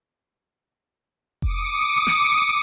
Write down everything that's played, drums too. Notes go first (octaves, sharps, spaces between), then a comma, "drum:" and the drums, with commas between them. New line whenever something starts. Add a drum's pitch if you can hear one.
D6 D#6 C#7, drum: kick F1
drum: snare